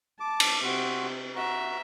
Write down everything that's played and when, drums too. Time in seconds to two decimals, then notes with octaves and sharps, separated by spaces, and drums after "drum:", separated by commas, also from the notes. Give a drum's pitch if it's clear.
0.20 A5 D6
0.40 drum: cymbal
0.64 C3 F#4 C6
1.36 F#4 E5 A#5